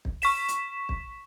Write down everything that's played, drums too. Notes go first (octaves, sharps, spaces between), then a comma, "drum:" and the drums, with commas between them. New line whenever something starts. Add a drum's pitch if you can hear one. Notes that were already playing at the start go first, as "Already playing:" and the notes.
drum: kick
C#6 B6 E7, drum: open hi-hat
drum: hi-hat
drum: kick